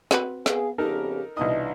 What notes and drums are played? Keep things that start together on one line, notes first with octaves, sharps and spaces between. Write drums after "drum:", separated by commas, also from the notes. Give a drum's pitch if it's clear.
C4 F#4 B4, drum: snare
B3 G#4 F5, drum: snare
F2 C#3 B3 D#4 G4 A4 A#4
C2 B2 E3 D4 D#4 D#5 D#6